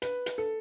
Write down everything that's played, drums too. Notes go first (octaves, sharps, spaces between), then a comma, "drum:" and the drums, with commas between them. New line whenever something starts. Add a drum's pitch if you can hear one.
B4, drum: hi-hat
drum: hi-hat
A4